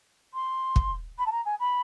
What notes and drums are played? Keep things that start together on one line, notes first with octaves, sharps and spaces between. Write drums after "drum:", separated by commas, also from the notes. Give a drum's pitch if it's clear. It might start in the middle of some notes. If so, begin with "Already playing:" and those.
C6
drum: kick
B5
A5
A#5
G#5
B5